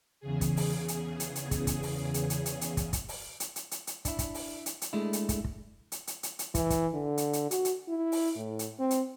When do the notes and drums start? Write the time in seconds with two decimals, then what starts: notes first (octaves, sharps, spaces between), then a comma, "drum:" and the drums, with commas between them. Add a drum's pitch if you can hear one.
0.20 E2 C#3 G#4
0.41 drum: kick, hi-hat
0.57 drum: open hi-hat
0.88 drum: hi-hat
1.20 drum: hi-hat
1.35 drum: hi-hat
1.51 drum: kick, hi-hat
1.67 drum: kick, hi-hat
1.83 drum: open hi-hat
2.14 drum: hi-hat
2.30 drum: hi-hat
2.46 drum: hi-hat
2.61 drum: hi-hat
2.77 drum: kick, hi-hat
2.93 drum: kick, hi-hat
3.09 drum: open hi-hat
3.40 drum: hi-hat
3.56 drum: hi-hat
3.71 drum: hi-hat
3.87 drum: hi-hat
4.05 D4 E4, drum: kick, hi-hat
4.19 drum: kick, hi-hat
4.34 drum: open hi-hat
4.66 drum: hi-hat
4.82 drum: hi-hat
4.93 G#3 A3 D4 E4
5.13 drum: hi-hat
5.29 drum: kick, hi-hat
5.44 drum: kick
5.92 drum: hi-hat
6.07 drum: hi-hat
6.23 drum: hi-hat
6.39 drum: hi-hat
6.55 E3, drum: kick, hi-hat
6.70 drum: kick, hi-hat
6.93 D3
7.18 drum: hi-hat
7.33 drum: hi-hat
7.51 F#4, drum: hi-hat
7.65 drum: hi-hat
7.88 E4
8.12 drum: open hi-hat
8.36 A2
8.59 drum: hi-hat
8.79 C4
8.91 drum: hi-hat